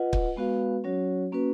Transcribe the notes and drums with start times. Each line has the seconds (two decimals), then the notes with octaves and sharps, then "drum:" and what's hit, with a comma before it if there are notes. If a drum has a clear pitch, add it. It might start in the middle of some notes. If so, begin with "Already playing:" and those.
Already playing: F4 B4 D#5 F#5
0.13 drum: kick
0.36 G#3 B3 F#4 B4 F5
0.84 F#3 C#4 F#4 C#5
1.32 A#3 C#4 F#4 B4